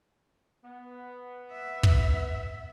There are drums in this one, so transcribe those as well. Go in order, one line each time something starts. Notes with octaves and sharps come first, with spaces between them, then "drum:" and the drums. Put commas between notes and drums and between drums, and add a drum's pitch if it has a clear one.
B3
E5
drum: kick